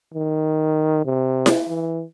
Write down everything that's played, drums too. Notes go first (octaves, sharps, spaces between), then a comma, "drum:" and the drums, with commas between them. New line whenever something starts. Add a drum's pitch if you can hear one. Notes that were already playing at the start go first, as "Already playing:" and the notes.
D#3
C3
drum: snare E4
E3